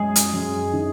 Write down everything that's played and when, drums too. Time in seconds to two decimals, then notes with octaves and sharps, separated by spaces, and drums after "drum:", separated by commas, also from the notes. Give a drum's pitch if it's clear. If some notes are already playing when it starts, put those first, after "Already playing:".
Already playing: F#2 G#3 G#4
0.16 drum: hi-hat
0.33 F#2
0.73 D#3